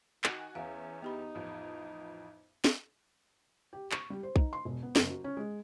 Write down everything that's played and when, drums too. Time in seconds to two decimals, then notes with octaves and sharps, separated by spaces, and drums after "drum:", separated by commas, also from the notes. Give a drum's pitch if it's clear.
0.24 D#3 F#4 G#5 D6, drum: clap
0.55 E2 C#4 E5 F5
1.02 B3 D#4 G4 B5
1.35 A1 F2
2.64 drum: snare
3.73 G4
3.91 C#6, drum: clap
4.10 G3
4.23 C5
4.36 D#4, drum: kick B1
4.53 C6
4.65 E1
4.83 B3
4.96 F#1, drum: snare
5.10 F#3
5.24 C#4
5.37 G#3